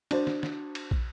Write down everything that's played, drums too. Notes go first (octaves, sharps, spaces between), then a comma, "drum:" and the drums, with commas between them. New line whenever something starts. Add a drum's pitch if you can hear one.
D4 F#4 C5, drum: cymbal
drum: snare
drum: snare
drum: cymbal
drum: kick